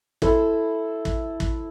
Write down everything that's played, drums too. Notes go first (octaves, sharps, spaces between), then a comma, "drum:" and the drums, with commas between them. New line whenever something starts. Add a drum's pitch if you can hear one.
E4 A4 C5, drum: kick
drum: kick
drum: kick